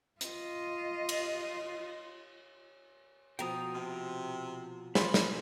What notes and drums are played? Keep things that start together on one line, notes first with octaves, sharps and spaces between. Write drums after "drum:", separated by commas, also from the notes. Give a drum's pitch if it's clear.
F4 D#5, drum: hi-hat
drum: cymbal
B2 F3 G5 A#5 D#6
C3
F4 B5, drum: snare
drum: snare